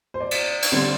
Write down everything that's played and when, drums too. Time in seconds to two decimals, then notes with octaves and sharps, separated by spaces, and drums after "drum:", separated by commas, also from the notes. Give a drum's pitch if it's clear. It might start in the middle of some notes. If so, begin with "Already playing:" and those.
0.14 C5
0.20 D5
0.31 drum: cymbal
0.62 drum: cymbal
0.72 D3 G3 C4